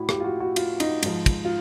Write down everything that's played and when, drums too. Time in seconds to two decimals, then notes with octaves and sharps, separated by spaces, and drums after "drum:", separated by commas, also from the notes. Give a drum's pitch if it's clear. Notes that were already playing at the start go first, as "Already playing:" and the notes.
Already playing: A2 E4 F#4
0.09 G4, drum: rim click
0.20 F4
0.24 F#4
0.40 F#4
0.56 F4, drum: cymbal
0.80 D#4, drum: cymbal
1.03 G#2 F3, drum: cymbal
1.26 drum: kick, cymbal
1.45 F4